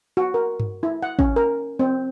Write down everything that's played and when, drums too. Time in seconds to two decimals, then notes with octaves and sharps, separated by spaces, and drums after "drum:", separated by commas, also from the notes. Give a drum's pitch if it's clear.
0.17 F#4
0.34 A#4
0.60 drum: tom G2
0.83 E4
1.03 F#5
1.19 C#4, drum: kick
1.36 A#4
1.79 C4